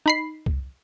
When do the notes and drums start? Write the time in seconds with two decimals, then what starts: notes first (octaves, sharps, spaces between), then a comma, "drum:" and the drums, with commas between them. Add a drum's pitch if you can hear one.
0.06 D#4 B5 C7
0.46 drum: kick